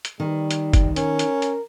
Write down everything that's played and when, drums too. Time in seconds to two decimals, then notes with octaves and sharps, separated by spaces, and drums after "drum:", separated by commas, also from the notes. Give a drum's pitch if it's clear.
0.05 drum: hi-hat
0.20 D#3 G3
0.51 drum: hi-hat
0.73 drum: kick, hi-hat
0.96 C#4 A#4, drum: hi-hat
1.19 drum: hi-hat
1.42 drum: hi-hat